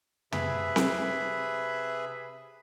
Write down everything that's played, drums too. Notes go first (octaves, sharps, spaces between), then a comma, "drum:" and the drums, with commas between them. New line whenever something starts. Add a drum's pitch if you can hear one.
C3 G#4 B4 E5 B5, drum: tom
drum: snare C4